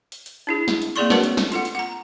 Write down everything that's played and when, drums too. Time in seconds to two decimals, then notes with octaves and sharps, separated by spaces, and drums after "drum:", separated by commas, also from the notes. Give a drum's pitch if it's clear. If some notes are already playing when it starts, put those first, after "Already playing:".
0.12 drum: hi-hat
0.26 drum: hi-hat
0.47 D4 E4 G#4
0.68 drum: snare
0.82 drum: hi-hat
0.96 A#3 C4 G#4 D5 C6 C#6, drum: hi-hat
1.10 D4 F#4 A#4 B4 C#5 F#5, drum: snare
1.23 drum: hi-hat
1.37 drum: snare
1.52 F4 A4 F#5, drum: hi-hat
1.65 drum: hi-hat
1.75 F#5 A#5